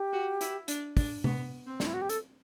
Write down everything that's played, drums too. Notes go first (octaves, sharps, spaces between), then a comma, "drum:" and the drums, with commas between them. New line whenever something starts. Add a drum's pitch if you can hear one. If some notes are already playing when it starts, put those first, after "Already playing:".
Already playing: G4
F#4
E4, drum: hi-hat
D4, drum: hi-hat
D4, drum: kick, open hi-hat
B3, drum: tom C3
C4
D4, drum: snare
E4
F#4
G4
A4, drum: hi-hat